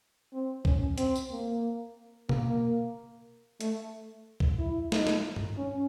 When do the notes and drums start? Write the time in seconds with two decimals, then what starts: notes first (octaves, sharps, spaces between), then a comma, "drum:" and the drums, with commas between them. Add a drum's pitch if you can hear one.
0.33 C4
0.65 C#4, drum: kick C2
0.98 C4, drum: hi-hat
1.16 drum: tambourine
1.31 A#3
2.29 A#3, drum: tom B2
3.61 A3, drum: hi-hat
4.40 drum: kick C2
4.59 E4
4.92 D#4, drum: snare
5.07 drum: snare
5.36 drum: tom G2
5.57 C#4